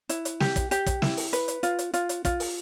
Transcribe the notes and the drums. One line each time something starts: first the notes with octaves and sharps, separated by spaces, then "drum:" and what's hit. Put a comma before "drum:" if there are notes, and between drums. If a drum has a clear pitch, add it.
E4, drum: hi-hat
drum: hi-hat
G4, drum: snare
drum: kick, hi-hat
G4, drum: hi-hat
drum: kick, hi-hat
E4, drum: snare
drum: open hi-hat
B4, drum: hi-hat
drum: hi-hat
F4, drum: hi-hat
drum: hi-hat
F4, drum: hi-hat
drum: hi-hat
F4, drum: kick, hi-hat
drum: open hi-hat